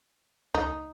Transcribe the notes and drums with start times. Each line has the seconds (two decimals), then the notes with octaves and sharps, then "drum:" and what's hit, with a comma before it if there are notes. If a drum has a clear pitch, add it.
0.55 D#4, drum: kick C#2